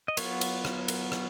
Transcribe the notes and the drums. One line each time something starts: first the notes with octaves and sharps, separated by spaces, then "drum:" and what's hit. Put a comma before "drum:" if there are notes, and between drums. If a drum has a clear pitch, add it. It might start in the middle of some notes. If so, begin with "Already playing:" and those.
D#5
F#3 B3 F4 C#5, drum: cymbal
drum: cymbal
drum: rim click
drum: cymbal
drum: rim click